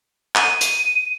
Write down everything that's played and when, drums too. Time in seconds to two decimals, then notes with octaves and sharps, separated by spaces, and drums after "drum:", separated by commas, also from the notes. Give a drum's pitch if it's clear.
0.36 D#7, drum: clap
0.61 drum: hi-hat